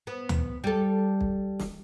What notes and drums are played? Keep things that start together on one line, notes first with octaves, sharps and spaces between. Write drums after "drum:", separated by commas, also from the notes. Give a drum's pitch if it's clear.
B3
drum: tom D2
G3 A4
drum: kick
drum: snare